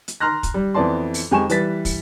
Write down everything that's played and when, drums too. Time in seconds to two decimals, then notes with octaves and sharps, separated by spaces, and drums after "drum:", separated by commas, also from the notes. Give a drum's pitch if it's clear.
0.08 drum: hi-hat
0.20 A#5 C6 F6 F#6 A#6
0.43 drum: kick, hi-hat
0.54 G3
0.74 F2 E3 B3 D5 A5 C6
1.14 drum: open hi-hat
1.31 F2 G#3 G4 G#5 C#6 E7
1.50 E3 G3 B4 A6 B6, drum: hi-hat
1.85 drum: kick, open hi-hat